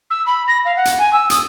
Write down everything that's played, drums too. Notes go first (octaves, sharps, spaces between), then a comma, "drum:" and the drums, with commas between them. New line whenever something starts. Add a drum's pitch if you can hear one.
E6
B5
A#6
F5
F#5
drum: hi-hat
G#5
E6
D#6, drum: hi-hat